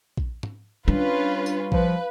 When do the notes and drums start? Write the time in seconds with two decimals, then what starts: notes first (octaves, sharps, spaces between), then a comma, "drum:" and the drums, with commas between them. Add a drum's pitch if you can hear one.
0.17 drum: kick
0.43 drum: tom
0.88 G3 C#4 D4 F4 B4
1.46 drum: tambourine
1.72 F3 B4 F5, drum: kick